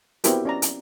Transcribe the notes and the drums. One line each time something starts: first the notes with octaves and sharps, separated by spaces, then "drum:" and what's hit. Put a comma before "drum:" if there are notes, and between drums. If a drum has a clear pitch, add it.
B3 C4 E4 F#4 G4 A#4, drum: hi-hat
C#4 D5 A#5
drum: hi-hat